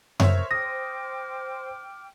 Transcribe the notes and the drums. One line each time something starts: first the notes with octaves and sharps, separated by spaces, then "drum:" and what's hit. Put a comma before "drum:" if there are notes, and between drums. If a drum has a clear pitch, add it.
A#4 C5 C#5 E5, drum: tom F#2
G5 D6 D#6 F6 A#6